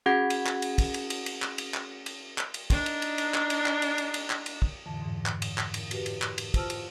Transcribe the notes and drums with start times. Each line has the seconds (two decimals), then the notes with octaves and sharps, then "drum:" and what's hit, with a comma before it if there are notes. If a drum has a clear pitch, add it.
0.06 C#4 F#4 G#4 F#5 G#6
0.30 drum: cymbal
0.46 drum: clap
0.62 drum: cymbal
0.78 drum: kick, cymbal
0.94 drum: cymbal
1.10 drum: cymbal
1.26 drum: cymbal
1.42 drum: clap
1.58 drum: cymbal
1.74 drum: clap
2.06 drum: cymbal
2.38 drum: clap
2.54 drum: cymbal
2.70 D4 D#4, drum: kick, cymbal
2.86 drum: cymbal
3.02 drum: cymbal
3.18 drum: cymbal
3.34 drum: clap
3.50 drum: cymbal
3.66 drum: clap
3.82 drum: cymbal
3.98 drum: cymbal
4.14 drum: cymbal
4.30 drum: clap
4.46 drum: cymbal
4.62 drum: kick
4.86 F2 A2 D3 E3 A5
5.02 G#2 E3
5.26 drum: clap
5.42 drum: cymbal
5.58 drum: clap
5.74 drum: cymbal
5.91 F#4 G4 B4, drum: cymbal
6.06 drum: cymbal
6.22 drum: clap
6.38 drum: cymbal
6.54 F4 C5 A5 E6 F6, drum: kick, cymbal
6.70 drum: cymbal